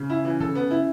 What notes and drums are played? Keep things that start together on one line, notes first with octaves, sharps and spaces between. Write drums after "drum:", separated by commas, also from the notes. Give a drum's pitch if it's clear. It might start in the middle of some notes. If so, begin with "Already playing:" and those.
Already playing: C#3
E4
E3
A4, drum: tom E3
B3
E4